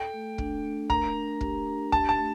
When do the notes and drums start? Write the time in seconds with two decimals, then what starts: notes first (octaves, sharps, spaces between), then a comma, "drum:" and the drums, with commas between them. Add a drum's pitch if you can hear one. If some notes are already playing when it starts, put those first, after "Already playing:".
Already playing: A4 G5
0.13 A3
0.38 D4, drum: kick
0.64 A3
0.90 A#4 A#5, drum: kick
1.15 D4
1.41 G4, drum: kick
1.67 D4
1.92 G4 A5, drum: kick
2.09 A5
2.18 A3